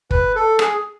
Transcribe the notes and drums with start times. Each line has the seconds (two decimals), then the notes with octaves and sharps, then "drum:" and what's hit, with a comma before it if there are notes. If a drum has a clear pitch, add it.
0.11 B4, drum: kick
0.35 A4
0.59 G#4, drum: rim click